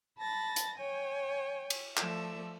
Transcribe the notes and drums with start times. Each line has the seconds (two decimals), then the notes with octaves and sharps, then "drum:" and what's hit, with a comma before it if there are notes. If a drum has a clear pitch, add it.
0.18 A5 B5 A6 A#6
0.56 drum: hi-hat
0.77 C#5 G5 G#5
1.70 drum: cymbal
1.97 F3 A3 D5 E5, drum: clap